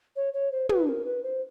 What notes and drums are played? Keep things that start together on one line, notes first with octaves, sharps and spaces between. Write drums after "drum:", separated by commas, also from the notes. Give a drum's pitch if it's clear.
C#5
C#5
C5
B4, drum: tom
A#4
B4
C5